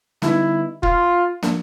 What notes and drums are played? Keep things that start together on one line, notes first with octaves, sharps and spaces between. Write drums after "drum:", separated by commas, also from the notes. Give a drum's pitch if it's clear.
D3 G3 B3 D#4 E4, drum: snare
F4, drum: kick
F3 A#3 D4, drum: snare